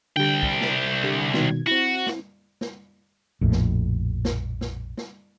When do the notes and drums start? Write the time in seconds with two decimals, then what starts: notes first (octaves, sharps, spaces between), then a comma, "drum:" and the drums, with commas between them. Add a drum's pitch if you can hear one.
0.17 C2 D3 G3 G5
0.43 drum: kick
0.61 drum: snare
1.03 D3 G4
1.34 B2 D#3 G#6, drum: snare
1.67 C4 E4 F#4
2.07 drum: snare
2.61 drum: snare
3.41 A#1 F2 A2
3.52 drum: snare
4.25 drum: snare
4.61 drum: snare
4.97 drum: snare